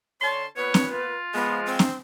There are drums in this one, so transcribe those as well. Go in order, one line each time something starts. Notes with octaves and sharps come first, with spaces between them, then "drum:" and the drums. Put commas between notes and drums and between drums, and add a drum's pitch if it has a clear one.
D3 C#5 A5 C6
A#2 B3 B4 C#5
drum: snare C4
F4
F3 G#3 B3
C4
drum: snare C4